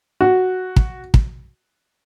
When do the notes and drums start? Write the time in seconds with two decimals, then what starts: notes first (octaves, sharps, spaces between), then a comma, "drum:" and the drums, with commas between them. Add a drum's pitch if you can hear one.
0.21 F#4
0.76 drum: kick
1.14 drum: kick